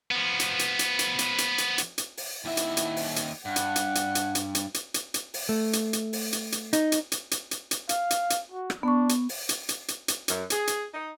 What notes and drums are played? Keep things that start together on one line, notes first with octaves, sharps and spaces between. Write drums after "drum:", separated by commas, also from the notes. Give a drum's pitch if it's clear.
F3 B3
drum: hi-hat
drum: hi-hat
drum: hi-hat
drum: hi-hat
drum: hi-hat
drum: hi-hat
drum: hi-hat
drum: hi-hat
drum: hi-hat
drum: open hi-hat
D#2 E4 E5
drum: hi-hat
drum: hi-hat
drum: open hi-hat
drum: hi-hat
G2 F#5
drum: hi-hat
drum: hi-hat
drum: hi-hat
drum: hi-hat
drum: hi-hat
drum: hi-hat
drum: hi-hat
drum: hi-hat
drum: hi-hat
drum: open hi-hat
A3
drum: hi-hat
drum: hi-hat
drum: open hi-hat
drum: hi-hat
drum: hi-hat
D#4, drum: hi-hat
drum: hi-hat
drum: hi-hat
drum: hi-hat
drum: hi-hat
drum: hi-hat
F5, drum: hi-hat
drum: hi-hat
drum: hi-hat
F#4
drum: rim click
B3 D4 C#6
drum: hi-hat
drum: open hi-hat
drum: hi-hat
drum: hi-hat
drum: hi-hat
drum: hi-hat
F#2, drum: hi-hat
G#4, drum: hi-hat
drum: hi-hat
D#4